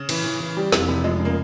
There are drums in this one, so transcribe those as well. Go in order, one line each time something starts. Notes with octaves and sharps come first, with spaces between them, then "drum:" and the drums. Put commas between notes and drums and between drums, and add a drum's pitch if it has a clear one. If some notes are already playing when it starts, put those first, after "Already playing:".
Already playing: C#3
E3, drum: cymbal
E3
E3
G3
F1 C3 E3, drum: snare
F1
F1 F3 G#3
C#3
A#3